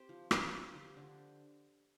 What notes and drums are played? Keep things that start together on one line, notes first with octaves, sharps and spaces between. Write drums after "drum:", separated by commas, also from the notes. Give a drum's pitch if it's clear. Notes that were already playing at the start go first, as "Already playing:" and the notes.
Already playing: C4 G4 C5
F3
F3, drum: rim click
F3
D3 G4 C5
D3